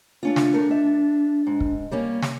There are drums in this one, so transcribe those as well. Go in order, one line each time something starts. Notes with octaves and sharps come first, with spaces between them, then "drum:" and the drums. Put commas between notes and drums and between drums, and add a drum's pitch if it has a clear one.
A3 C#4 D4 F4
drum: snare
A3 A#4
E5
G#2
drum: kick
G3 A#3 C#4
drum: snare